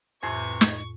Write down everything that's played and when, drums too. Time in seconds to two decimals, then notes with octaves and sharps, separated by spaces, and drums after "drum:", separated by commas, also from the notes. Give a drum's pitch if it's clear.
0.23 F2 A2 C3 E3 C#6
0.61 drum: snare